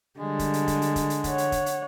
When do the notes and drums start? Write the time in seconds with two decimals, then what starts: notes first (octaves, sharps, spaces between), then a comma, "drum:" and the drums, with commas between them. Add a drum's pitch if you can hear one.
0.20 D3 G3 G#3
0.39 drum: kick, hi-hat
0.53 drum: hi-hat
0.68 drum: kick, hi-hat
0.82 drum: hi-hat
0.96 drum: kick, hi-hat
1.10 drum: hi-hat
1.24 C#5 F#5, drum: kick, hi-hat
1.38 drum: hi-hat
1.52 drum: kick, hi-hat
1.66 drum: hi-hat